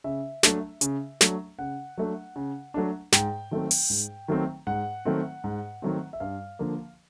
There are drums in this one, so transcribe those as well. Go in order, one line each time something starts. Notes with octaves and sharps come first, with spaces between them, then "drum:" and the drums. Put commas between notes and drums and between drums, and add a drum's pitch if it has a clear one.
C#3 E5
F#3 A3 D4, drum: snare
C#3, drum: hi-hat
F#3 A3 D4, drum: snare
C#3 F#5
F#3 A3 D4
C#3
F#3 A3 D4
G#2 G5, drum: snare
D#3 F#3 A3 C4
drum: open hi-hat
G#2
D#3 F#3 A3 C4
G#2 F#5
D#3 F#3 A3 C4
G#2
D#3 F#3 A3 C4
E5
G2 F5
D3 F3 A#3